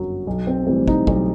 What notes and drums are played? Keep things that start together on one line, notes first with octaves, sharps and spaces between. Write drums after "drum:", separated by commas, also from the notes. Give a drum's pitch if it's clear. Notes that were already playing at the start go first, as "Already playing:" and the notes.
Already playing: G1 F#2 F#3
B1
C4
A2 E3 G3 C4
D#4, drum: kick
B1 C4, drum: kick